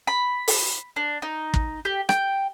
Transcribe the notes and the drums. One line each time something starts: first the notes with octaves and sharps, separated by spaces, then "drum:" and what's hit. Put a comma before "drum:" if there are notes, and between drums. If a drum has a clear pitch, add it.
B5
drum: open hi-hat
D4
D#4
drum: kick
G4
G5, drum: rim click